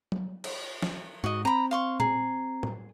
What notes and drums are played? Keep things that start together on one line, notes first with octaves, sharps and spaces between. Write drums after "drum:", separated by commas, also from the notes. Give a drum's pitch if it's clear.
drum: tom F#3
drum: cymbal
drum: snare
G#2 F#4 D#5
C4 A#5 B5
F5 C6 C#6
G#4 A#5, drum: tom A#2
drum: tom